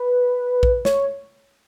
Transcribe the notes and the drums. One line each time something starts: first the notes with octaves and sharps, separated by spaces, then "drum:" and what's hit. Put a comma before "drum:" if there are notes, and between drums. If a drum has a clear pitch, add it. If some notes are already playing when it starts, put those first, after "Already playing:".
Already playing: B4
drum: kick A#1
C#5, drum: snare